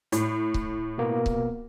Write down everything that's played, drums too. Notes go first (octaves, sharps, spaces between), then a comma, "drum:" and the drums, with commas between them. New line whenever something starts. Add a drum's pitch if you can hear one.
A2, drum: hi-hat
drum: kick C#1
B2 A#3 B3
drum: kick C#1